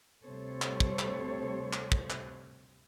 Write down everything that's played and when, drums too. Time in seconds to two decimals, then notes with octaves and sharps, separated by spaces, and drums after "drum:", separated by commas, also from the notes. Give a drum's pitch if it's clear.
0.25 D2 C3 G3 A4 C5 C#5
0.62 drum: clap
0.80 drum: kick
0.99 drum: clap
1.73 drum: clap
1.92 drum: kick
2.10 drum: clap